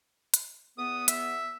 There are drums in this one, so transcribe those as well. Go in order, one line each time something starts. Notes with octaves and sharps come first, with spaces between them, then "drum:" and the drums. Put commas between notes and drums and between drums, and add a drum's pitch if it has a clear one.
drum: hi-hat
E2 B3 D#6
E5, drum: hi-hat